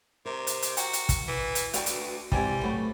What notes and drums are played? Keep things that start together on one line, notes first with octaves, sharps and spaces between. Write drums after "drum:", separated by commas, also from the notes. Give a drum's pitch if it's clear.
C3 A#4
drum: hi-hat
drum: hi-hat
F#3 F#4 F#5 G5, drum: hi-hat
drum: hi-hat
drum: kick, hi-hat
E3
drum: hi-hat
D2 F#4 B4 D5 F5 G5, drum: hi-hat
drum: hi-hat
G#2 C3 E3 G3 G4 G5 G#5, drum: kick
F#3 A3 B4